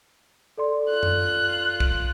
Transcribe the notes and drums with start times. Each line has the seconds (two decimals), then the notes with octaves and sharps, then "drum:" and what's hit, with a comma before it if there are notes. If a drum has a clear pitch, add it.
0.58 A4 D5 C6
0.90 F4 F#6
1.03 drum: tom F#2
1.80 drum: kick